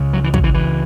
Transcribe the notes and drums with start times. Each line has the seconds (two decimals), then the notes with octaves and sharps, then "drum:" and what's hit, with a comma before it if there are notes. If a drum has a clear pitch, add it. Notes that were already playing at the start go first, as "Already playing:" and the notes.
Already playing: C#2 C#3
0.13 F#3
0.24 E3
0.34 F#3, drum: kick
0.44 E3
0.54 E3